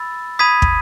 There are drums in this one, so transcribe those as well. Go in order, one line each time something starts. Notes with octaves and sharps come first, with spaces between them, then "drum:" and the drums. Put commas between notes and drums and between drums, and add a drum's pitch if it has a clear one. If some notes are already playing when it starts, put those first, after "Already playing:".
Already playing: B5 E6 A6
B5 D#6 G#6 B6 D#7
drum: kick